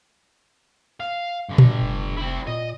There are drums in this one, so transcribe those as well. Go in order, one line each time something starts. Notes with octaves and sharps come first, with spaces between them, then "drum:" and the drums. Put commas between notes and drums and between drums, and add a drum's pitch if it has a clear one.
F5
G2 D3
drum: tom A#2
F1
C4 E4
A#2 D#5